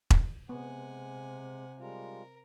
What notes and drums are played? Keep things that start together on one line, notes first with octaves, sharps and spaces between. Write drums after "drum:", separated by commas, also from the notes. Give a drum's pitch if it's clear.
drum: kick E1
C3 G#3 B3 F#5 G#5
G3 G#3 F4 A#4